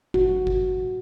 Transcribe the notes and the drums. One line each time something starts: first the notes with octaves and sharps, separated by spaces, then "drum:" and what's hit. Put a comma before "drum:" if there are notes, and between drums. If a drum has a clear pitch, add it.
F#4, drum: kick G1
drum: kick G1